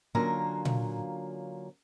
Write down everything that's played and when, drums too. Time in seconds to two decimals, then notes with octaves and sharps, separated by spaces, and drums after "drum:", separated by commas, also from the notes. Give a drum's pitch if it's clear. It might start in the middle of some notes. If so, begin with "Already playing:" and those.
0.15 D3 F#3 A#3 C#4 F4 A#5
0.65 drum: tom A#2